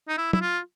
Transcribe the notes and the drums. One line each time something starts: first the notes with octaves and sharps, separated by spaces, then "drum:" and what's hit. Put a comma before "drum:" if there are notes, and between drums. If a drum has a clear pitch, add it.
D#4
E4
E4, drum: tom
F4